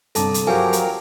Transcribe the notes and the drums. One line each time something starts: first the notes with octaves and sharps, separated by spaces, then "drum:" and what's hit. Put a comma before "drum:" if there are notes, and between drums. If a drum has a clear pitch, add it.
G1 C2 G2 A4 A5 D6, drum: hi-hat
drum: hi-hat
F3 F#3 G4 A#4 F5 G5 G#5 D6
drum: hi-hat